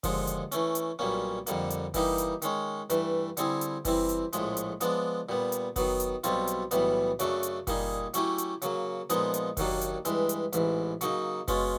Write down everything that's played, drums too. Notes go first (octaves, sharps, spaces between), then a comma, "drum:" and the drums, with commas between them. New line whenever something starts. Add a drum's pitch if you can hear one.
D#2 D3 F3 G#3, drum: kick F#1, open hi-hat
drum: hi-hat
E3 A3 C#4, drum: hi-hat
drum: hi-hat
B1 A#2 G3 A#3 C#4
F2 D3 G3 A#3, drum: hi-hat
drum: hi-hat
E3 G3 A#3 D#4 G4, drum: kick F#1, open hi-hat
drum: hi-hat
D#3 G#3 C#4, drum: hi-hat
G2 E3 A3, drum: hi-hat
D3 G3 C4 E4 G#4, drum: hi-hat
drum: hi-hat
E3 G3 C4 E4, drum: kick F#1, open hi-hat
drum: hi-hat
A#1 A2 F3 G#3, drum: hi-hat
drum: hi-hat
F3 G#3 B3 D4, drum: hi-hat
A#2 G3 B3
drum: hi-hat
D#3 F#3 B3, drum: kick F#1, open hi-hat
drum: hi-hat
B1 B2 G3 C4 F4, drum: hi-hat
drum: hi-hat
B1 A2 E3 G3 B3, drum: hi-hat
F#2 C#3 F#3 A3 D4, drum: hi-hat
drum: hi-hat
A#2 G3 A#3 D#4 G#4, drum: kick F#1, open hi-hat
F#3 A3 C#4 E4 G4, drum: hi-hat
drum: hi-hat
C#3 F#3 A#3, drum: hi-hat
A#2 F3 G#3 B3 D#4, drum: hi-hat
drum: hi-hat
D#2 D#3 F#3 A#3 D4, drum: kick F#1, open hi-hat
drum: hi-hat
G2 E3 G#3, drum: hi-hat
drum: hi-hat
A1 G#2 E3, drum: hi-hat
C#3 F#3 A#3 D#4, drum: hi-hat
B2 G#3 C#4 F4, drum: kick F#1, open hi-hat